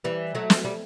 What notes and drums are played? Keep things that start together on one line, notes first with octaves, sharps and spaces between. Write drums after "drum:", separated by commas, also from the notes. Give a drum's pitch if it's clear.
E3 G3
F#3 A3
drum: snare
G3